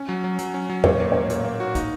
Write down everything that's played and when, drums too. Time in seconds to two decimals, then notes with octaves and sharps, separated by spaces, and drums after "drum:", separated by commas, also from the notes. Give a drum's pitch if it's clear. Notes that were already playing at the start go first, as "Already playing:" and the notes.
Already playing: C#4
0.09 F#3
0.24 F#3
0.39 F#3, drum: hi-hat
0.54 C#4
0.69 F#3
0.84 A#2 C#5, drum: tom E2
1.00 A#3
1.12 A#3 C#5
1.30 A#2, drum: hi-hat
1.44 A#3
1.60 F#4
1.75 D#4, drum: kick, hi-hat